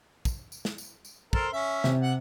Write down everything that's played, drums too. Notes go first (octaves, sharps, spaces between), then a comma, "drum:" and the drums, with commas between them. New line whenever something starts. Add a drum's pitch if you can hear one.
drum: kick, tambourine
drum: tambourine
drum: snare
drum: tambourine
drum: tambourine
A4 A#4 C5, drum: kick
C#4 E5
C3, drum: snare
F#5